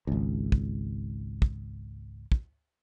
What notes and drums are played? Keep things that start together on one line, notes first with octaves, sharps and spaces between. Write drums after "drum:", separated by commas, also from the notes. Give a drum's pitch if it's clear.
G#1 C#2
drum: kick
drum: kick
drum: kick